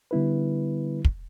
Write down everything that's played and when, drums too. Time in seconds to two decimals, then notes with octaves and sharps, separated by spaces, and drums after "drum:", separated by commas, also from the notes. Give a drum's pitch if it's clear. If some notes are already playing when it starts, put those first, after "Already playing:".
0.11 D3 G3 B3 E4 B4
1.05 drum: kick